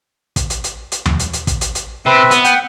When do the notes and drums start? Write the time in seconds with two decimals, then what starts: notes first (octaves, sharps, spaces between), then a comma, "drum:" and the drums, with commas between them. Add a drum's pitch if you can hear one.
0.36 drum: kick, hi-hat
0.50 drum: hi-hat
0.64 drum: hi-hat
0.92 drum: hi-hat
1.06 drum: tom D#2
1.19 drum: hi-hat
1.33 drum: hi-hat
1.47 drum: kick, hi-hat
1.61 drum: hi-hat
1.75 drum: hi-hat
2.06 C3 C4 B4 E5
2.31 B3, drum: hi-hat
2.44 F#5 G5, drum: hi-hat